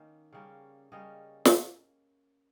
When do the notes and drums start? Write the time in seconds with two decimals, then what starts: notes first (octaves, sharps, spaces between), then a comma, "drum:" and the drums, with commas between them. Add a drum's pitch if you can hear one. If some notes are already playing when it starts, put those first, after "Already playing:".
Already playing: D#3 A#3 C#4
0.33 C#3 G3 A#3 C#4
0.92 C#3 G3 A#3 C#4 D#5
1.45 drum: snare